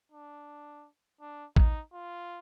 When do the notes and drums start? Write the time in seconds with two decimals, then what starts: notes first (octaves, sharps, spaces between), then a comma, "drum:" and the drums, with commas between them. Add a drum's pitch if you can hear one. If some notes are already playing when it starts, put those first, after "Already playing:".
0.12 D4
1.21 D4
1.56 D#4, drum: kick A1
1.94 F4